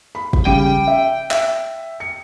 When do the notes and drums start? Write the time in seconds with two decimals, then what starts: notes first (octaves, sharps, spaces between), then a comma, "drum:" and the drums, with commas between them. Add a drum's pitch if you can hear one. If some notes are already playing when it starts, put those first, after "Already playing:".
0.15 B5
0.33 drum: kick
0.45 C#3 G3 G5 D#7
0.87 E5
1.31 E5, drum: clap
2.00 C#7